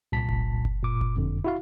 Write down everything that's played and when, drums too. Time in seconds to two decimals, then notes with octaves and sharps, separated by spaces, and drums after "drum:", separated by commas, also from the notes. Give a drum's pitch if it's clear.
0.12 C2 A#2 A5 B6
0.29 drum: kick F#1
0.65 drum: kick F#1
0.83 A#2 D6
1.01 drum: kick F#1
1.16 F2 D3
1.44 E4 F#4 F5